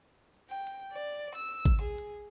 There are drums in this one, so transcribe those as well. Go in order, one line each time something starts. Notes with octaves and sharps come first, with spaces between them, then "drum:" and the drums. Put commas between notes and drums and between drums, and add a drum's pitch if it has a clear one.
G5
drum: hi-hat
D5
E6, drum: hi-hat
drum: kick G#1, open hi-hat
G#4
drum: hi-hat